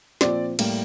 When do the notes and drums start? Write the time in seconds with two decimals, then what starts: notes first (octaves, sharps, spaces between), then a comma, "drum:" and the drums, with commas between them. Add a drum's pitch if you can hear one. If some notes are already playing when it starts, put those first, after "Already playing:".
0.21 A#2 F3 C4 D5, drum: snare
0.59 A2 G3 A#3, drum: cymbal